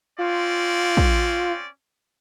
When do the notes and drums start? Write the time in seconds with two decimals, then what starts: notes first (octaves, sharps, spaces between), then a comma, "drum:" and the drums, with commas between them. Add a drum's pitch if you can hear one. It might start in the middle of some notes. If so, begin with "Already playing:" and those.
0.18 C4 C#4 F4 D5
0.97 drum: kick